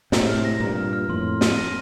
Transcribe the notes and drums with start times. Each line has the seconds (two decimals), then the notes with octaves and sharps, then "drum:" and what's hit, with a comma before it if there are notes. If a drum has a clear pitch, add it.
0.12 A2 C3 A#5, drum: snare
0.29 F6
0.45 A#6
0.60 G2 A#2 A#5
0.77 F6
0.93 F6
1.09 F2 A2 C6
1.25 C6
1.41 D#7, drum: snare
1.57 A#6